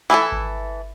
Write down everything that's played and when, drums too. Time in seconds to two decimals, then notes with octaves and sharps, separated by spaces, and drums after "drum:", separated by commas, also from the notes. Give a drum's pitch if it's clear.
0.10 E3 E4 G#4 A4
0.32 drum: kick G#1